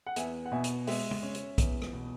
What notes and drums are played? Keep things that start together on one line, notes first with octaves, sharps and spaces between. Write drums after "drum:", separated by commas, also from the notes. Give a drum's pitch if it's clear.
F#5
E2 E5 G#5, drum: hi-hat
F#5
B2 E5 G#5
drum: hi-hat
G#3 E5, drum: open hi-hat
drum: tom
C#4
drum: hi-hat
E2, drum: kick B1, hi-hat
drum: rim click
B2